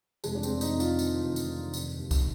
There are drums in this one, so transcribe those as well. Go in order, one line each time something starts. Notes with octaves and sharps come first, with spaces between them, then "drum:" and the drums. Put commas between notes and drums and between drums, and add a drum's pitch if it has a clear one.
F1 G#3, drum: tambourine
D4
C4, drum: tambourine
F1
D#4, drum: tambourine
F2
F4, drum: tambourine
D#3, drum: tambourine
F1
drum: tambourine
D#3
F1, drum: tambourine
D#2
drum: kick C2, tambourine